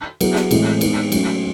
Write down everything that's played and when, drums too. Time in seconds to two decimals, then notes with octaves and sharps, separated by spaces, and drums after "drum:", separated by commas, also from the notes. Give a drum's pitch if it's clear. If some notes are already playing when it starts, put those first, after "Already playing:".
0.21 F#3 B3 E4 G#4, drum: cymbal
0.35 drum: snare
0.51 A2 E3 G#3 C4, drum: cymbal
0.81 G#3 B3 D#4, drum: cymbal
1.12 F#3 A3 C#4, drum: cymbal